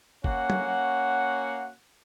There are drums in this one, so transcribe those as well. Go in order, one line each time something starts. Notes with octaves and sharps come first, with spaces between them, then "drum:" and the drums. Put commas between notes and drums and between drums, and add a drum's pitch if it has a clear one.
A#3 C#4 F#4 F#5, drum: kick
drum: tom